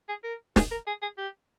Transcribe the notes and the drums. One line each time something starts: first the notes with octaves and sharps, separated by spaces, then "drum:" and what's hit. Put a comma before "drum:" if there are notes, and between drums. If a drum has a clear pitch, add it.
G#4
A#4
G#4, drum: snare
A#4
G#4
G#4
G4